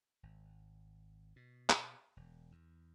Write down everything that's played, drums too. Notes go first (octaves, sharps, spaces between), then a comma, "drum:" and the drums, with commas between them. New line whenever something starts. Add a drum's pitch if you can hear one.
G#1
B2
drum: clap
E1
E2